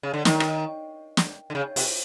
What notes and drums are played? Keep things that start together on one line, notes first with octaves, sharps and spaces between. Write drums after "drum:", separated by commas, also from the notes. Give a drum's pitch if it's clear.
C#3
D3
D#3, drum: snare
drum: rim click
drum: snare
D3
C#3
C3, drum: open hi-hat